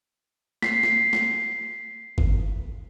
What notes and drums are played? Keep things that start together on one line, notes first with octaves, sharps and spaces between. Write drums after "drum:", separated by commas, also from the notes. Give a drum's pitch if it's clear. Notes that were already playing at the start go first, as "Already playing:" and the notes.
B6 C7, drum: snare
drum: snare
drum: snare
drum: kick G1